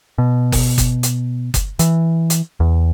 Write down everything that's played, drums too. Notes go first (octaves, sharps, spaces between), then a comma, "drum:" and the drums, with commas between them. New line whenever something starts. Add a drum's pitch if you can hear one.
B2
drum: kick F#1, open hi-hat
drum: kick F#1, hi-hat
drum: hi-hat
drum: kick F#1, hi-hat
E3, drum: hi-hat
drum: hi-hat
E2